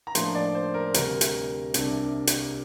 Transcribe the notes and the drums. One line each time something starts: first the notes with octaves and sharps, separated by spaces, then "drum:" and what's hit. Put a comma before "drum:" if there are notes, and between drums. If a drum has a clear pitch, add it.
A#5
A2 F3 A#3 D4 C6, drum: hi-hat
D5
C5
A#4
D2 C3 G3 A#4, drum: hi-hat
drum: hi-hat
C2 C3 G3 D4, drum: hi-hat
drum: hi-hat